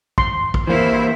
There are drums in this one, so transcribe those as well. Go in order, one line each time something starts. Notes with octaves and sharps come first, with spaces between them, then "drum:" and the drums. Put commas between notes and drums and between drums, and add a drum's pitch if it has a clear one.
C6, drum: kick
drum: kick
E3 A#3 E4 C5